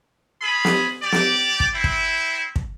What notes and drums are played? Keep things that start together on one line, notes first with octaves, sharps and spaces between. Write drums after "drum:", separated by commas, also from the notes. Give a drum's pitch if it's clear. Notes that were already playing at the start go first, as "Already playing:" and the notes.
F4 G#4 B5
drum: snare
G4 D5
drum: snare
drum: kick
C4 E4
drum: kick
drum: kick